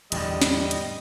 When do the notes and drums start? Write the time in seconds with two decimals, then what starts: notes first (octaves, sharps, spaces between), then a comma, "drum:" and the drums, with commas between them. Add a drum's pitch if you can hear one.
0.12 E2 A2 D3 G3 D#5, drum: hi-hat
0.41 drum: snare
0.71 drum: hi-hat